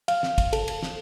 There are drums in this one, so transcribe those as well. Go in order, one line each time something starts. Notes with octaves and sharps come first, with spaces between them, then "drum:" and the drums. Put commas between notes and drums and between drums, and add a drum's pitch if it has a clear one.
F5, drum: cymbal
drum: snare
drum: kick, cymbal
A4, drum: cymbal
drum: cymbal
drum: snare